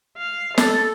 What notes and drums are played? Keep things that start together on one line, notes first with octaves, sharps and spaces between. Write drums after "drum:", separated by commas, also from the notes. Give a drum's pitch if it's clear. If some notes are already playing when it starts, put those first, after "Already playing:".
F5
A4, drum: snare